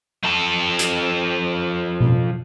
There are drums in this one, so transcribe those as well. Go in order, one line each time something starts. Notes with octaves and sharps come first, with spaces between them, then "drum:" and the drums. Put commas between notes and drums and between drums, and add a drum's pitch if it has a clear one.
F3 A4
drum: hi-hat
drum: tom B2